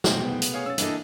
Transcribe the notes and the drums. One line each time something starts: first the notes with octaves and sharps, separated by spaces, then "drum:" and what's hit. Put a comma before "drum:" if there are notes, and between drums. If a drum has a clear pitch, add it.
B2 G#3 A3 C5 G5, drum: snare
B3
drum: hi-hat
G#4 C#5 F5
C#4 E6 A6
E3 A#3 D4 E4 A4 D#5, drum: hi-hat